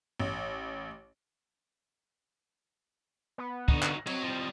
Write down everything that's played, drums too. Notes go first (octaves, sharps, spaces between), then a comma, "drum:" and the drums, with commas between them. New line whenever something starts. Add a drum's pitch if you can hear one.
A1
B3
D3 D#4 F#4, drum: kick
drum: clap
F#3 C4 C#5 D#5, drum: cymbal
F3 G3